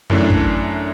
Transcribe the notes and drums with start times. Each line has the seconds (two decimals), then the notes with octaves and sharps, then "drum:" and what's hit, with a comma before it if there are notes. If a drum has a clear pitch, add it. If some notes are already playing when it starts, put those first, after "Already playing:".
0.10 F#2 E3 A3 D4, drum: tom F#2
0.30 drum: kick